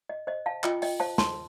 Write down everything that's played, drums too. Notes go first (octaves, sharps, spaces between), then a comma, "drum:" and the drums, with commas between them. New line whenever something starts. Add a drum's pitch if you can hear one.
D#5
C5 D#5
F5 A5
F4 D#5 G5, drum: clap
D#5 G5, drum: open hi-hat
C5 F5 A5
A5 C6, drum: snare